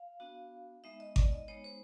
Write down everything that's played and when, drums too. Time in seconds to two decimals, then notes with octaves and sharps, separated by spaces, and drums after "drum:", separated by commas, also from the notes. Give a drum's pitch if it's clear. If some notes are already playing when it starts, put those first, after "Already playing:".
Already playing: F5
0.20 B3 D4 F#4
0.84 G#3 B3 D#4 E5
1.00 D#5
1.16 D5, drum: kick G#1
1.32 D#5
1.48 G#3 B3 D#4 C#5
1.64 C5